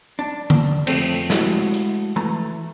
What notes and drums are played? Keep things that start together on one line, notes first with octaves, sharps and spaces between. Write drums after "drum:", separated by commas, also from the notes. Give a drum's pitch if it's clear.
D4
drum: tom D3
F2 A3 C4, drum: cymbal
G#3 A3 E4 F#4 F5 F#5, drum: snare
drum: hi-hat
E3 A3 A#5